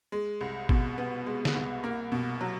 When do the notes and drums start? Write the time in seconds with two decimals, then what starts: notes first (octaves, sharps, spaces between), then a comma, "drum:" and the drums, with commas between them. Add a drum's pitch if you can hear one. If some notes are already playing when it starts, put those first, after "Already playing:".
0.12 G#3
0.41 C2
0.69 B2, drum: kick
0.98 B3
1.26 G#3
1.45 drum: snare
1.55 C2
1.84 A#3
2.12 B2
2.41 F#3